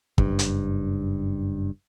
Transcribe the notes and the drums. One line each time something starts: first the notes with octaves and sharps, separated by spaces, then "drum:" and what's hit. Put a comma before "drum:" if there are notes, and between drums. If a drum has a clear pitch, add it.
F#1 G2, drum: kick
drum: hi-hat